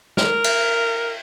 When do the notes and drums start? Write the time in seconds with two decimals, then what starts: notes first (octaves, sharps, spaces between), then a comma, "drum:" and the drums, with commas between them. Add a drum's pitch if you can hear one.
0.17 A#4, drum: snare
0.44 drum: cymbal